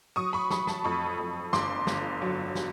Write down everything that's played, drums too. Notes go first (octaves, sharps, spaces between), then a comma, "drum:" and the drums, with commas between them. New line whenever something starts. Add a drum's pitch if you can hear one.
F#3 C#6 D#6
B5 C#6
F#3 B5 C#6, drum: snare
A5 B5, drum: snare
F2 B5 C#6
F2
G1 C6 D6, drum: snare
G1, drum: snare
F#3
drum: snare